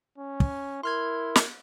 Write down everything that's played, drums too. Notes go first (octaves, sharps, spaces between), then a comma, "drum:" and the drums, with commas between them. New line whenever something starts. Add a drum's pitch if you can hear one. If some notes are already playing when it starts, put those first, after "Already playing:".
C#4
drum: kick
E4 A#4 C6 F6 G#6
drum: snare